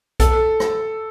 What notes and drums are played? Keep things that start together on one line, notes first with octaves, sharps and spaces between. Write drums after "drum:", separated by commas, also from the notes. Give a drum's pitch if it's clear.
A4, drum: kick B1, hi-hat
drum: rim click